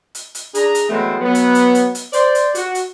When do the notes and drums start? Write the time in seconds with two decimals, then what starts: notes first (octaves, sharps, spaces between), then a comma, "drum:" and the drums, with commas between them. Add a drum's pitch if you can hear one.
0.15 drum: hi-hat
0.35 drum: hi-hat
0.55 D4 G#4 A#5, drum: hi-hat
0.75 drum: hi-hat
0.90 E3 F#3 G#3 A3 B3 C4
1.21 F#3 B3
1.35 drum: hi-hat
1.55 drum: hi-hat
1.75 drum: hi-hat
1.95 drum: hi-hat
2.13 C5 D5, drum: hi-hat
2.35 drum: hi-hat
2.55 F#4, drum: hi-hat
2.75 drum: hi-hat